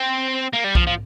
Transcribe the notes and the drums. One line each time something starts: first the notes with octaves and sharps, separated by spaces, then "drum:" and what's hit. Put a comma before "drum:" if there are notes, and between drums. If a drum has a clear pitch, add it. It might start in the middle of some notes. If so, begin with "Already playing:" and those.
Already playing: C4
A#3
G3
F3, drum: kick B1
F3